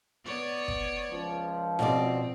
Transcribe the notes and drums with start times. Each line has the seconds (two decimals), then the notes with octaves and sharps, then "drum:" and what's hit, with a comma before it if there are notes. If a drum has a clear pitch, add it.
0.24 B3 C#5 D5
0.68 drum: kick
1.11 C#2 F3
1.79 B2 C4 D5, drum: snare E4